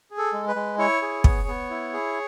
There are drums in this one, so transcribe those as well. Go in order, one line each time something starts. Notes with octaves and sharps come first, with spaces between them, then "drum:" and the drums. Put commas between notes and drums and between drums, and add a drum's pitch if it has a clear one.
G#4
A4
G#3
B4
G#3
E4 C#5
G#4
B3, drum: kick
B3
E4
G#4